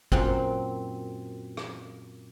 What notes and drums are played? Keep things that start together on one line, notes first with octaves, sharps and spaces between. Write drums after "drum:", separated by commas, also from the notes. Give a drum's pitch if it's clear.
F#2 A#2 C4, drum: kick G#1
drum: rim click